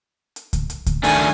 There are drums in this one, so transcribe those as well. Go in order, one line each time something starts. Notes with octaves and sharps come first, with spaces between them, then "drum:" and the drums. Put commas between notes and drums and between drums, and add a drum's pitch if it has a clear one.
drum: hi-hat
drum: kick C#2, hi-hat
drum: hi-hat
drum: kick C#2, hi-hat
D#3 A3 D4 G#5, drum: open hi-hat